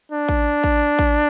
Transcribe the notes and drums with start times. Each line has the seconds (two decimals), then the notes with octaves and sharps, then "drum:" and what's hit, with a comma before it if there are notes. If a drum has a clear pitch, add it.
0.12 D4
0.29 drum: kick A1
0.64 drum: kick A1
0.99 drum: kick A1